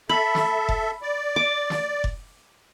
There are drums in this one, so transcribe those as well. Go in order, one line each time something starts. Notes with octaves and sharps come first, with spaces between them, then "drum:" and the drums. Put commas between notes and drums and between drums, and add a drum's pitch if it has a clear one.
A4 E5 B5
drum: snare
drum: kick F1
D5
D6
drum: snare
drum: kick F1